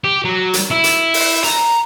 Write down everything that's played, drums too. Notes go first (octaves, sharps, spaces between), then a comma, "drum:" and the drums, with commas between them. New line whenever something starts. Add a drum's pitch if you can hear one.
G4
F#3
drum: hi-hat
E4
drum: hi-hat
drum: open hi-hat
A#5, drum: hi-hat